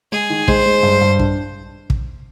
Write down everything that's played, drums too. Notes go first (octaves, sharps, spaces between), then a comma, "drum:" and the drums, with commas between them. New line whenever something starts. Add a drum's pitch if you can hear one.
G#3 G#4
D#3
G#3 C5, drum: kick
G#3
G2
G2
D4, drum: kick
drum: kick